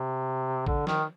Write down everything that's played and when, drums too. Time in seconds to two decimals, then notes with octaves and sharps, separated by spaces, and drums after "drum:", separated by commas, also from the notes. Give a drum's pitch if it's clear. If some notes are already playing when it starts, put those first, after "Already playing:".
Already playing: C3
0.67 D3, drum: kick
0.87 D#3, drum: snare